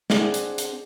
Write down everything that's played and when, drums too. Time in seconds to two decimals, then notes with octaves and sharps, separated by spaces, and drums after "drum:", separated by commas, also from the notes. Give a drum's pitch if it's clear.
0.10 C4 D4 G#4 C5 F#5, drum: snare
0.34 drum: hi-hat
0.58 drum: hi-hat